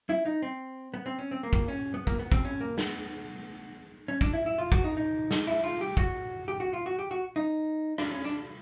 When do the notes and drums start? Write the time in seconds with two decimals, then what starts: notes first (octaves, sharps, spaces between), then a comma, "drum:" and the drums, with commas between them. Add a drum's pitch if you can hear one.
0.09 E4
0.26 D#4
0.42 C4
0.94 B3
1.06 C4
1.18 C#4
1.31 C4
1.43 A#3
1.53 drum: kick A1
1.68 C#4
1.94 B3
2.07 A#3, drum: kick A1
2.19 B3
2.32 C4, drum: kick A1
2.45 C#4
2.61 A#3
2.78 B3, drum: snare
4.08 C#4
4.21 D4, drum: kick A1
4.33 E4
4.46 E4
4.58 F4
4.72 F#4, drum: kick A1
4.84 D#4
4.97 D#4
5.31 drum: snare
5.47 E4
5.64 F4
5.81 G4
5.97 F#4, drum: kick A1
6.48 G4
6.60 F#4
6.73 F4
6.86 F#4
6.99 G4
7.11 F#4
7.36 D#4
7.98 D4, drum: rim click
8.11 C#4
8.24 D4